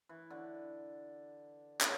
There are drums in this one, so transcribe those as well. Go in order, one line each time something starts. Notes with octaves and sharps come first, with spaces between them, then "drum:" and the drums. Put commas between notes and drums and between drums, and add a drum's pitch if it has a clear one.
E3
D3
C#3, drum: clap